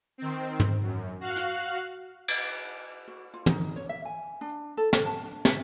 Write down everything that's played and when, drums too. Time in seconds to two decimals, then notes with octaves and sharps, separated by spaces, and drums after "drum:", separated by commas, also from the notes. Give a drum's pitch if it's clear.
0.18 D#3 C4
0.60 drum: tom
0.82 F#2
1.20 F#4 F5 F#6
1.36 drum: hi-hat
2.28 drum: cymbal
3.08 F#4
3.34 F4
3.46 D#4, drum: tom
3.76 C#5
3.89 E5
4.05 G#5
4.41 D4
4.77 A4
4.93 A4, drum: snare
5.06 A5
5.25 D4
5.45 E5, drum: snare